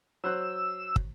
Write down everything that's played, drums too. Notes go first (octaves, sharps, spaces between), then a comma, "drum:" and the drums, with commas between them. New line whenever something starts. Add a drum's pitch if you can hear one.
F#3 C5 E6 F#6
drum: kick